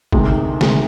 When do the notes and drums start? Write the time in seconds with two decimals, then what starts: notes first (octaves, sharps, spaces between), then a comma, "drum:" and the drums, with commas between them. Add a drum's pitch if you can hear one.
0.12 D2 C3 D#3 G#3, drum: kick G#1
0.61 D2 C3 D#3 G#3, drum: snare